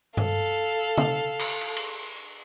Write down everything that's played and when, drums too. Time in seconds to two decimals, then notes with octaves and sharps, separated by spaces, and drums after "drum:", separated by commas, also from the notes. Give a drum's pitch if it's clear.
0.17 A4 F5, drum: tom G2
0.98 drum: tom C#3
1.39 drum: cymbal
1.61 drum: cymbal
1.77 drum: cymbal